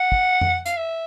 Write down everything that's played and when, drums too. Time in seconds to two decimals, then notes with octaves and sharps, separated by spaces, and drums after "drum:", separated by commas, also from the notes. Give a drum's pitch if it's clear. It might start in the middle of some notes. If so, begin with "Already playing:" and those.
Already playing: F#5
0.12 drum: kick
0.41 drum: tom F2
0.66 F5, drum: hi-hat
0.77 E5